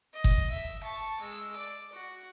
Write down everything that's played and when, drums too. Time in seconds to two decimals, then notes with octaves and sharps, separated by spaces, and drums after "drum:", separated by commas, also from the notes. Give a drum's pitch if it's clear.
0.13 D#5
0.24 drum: kick G1
0.50 E5
0.82 A5 C#6
1.20 G#3 E6
1.56 D5
1.92 F#4